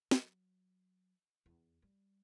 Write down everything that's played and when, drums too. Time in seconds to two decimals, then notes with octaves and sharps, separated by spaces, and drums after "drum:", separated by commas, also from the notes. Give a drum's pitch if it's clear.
0.11 F#3, drum: snare
1.46 E2
1.82 G3